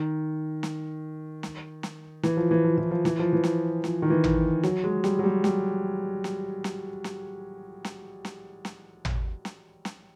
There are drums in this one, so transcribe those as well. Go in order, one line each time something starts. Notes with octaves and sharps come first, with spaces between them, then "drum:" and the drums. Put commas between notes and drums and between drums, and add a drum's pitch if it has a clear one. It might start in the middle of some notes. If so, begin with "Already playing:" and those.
Already playing: D#3
drum: snare
drum: snare
drum: snare
E3, drum: snare
F3
E3
F3
E3
F3
E3, drum: snare
F3
E3
drum: snare
F3, drum: snare
D#3
E3
drum: tom
F#3, drum: snare
G#3
G3, drum: snare
F#3
G3
G3, drum: snare
drum: snare
drum: snare
drum: snare
drum: snare
drum: snare
drum: snare
drum: tom
drum: snare
drum: snare